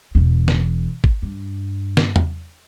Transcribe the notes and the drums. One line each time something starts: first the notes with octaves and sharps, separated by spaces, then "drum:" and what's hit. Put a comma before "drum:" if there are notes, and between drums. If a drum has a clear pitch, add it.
E1 E2
drum: snare
drum: kick
G2
drum: snare
drum: tom E2